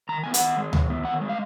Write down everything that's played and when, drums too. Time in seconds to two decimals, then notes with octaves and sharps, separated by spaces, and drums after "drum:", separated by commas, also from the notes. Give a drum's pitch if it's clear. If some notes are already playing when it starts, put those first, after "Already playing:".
0.09 D#3 A#5
0.24 B3 G#5
0.34 F#5, drum: hi-hat
0.41 D#3
0.58 G#3
0.73 D#3, drum: tom D2
0.90 B3
1.05 D#3 F#5
1.21 G#3
1.29 F5